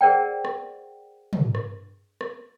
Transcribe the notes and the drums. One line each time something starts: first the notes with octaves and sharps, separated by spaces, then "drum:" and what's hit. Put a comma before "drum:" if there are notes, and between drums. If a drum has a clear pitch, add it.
G#4 A#4 C5 D5 F#5 G5
drum: rim click
drum: tom
drum: rim click
drum: rim click